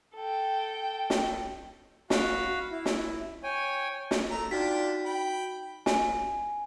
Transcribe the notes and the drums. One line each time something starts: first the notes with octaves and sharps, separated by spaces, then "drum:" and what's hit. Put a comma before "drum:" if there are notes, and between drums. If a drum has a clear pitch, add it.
A4 G5
drum: snare
F#4 F5 B5, drum: snare
E4
drum: snare
C#5 G5 G#5
drum: snare
A3 A#5
D4 D#4 F4 F#4 G5 B6
G5 B5
G#5, drum: snare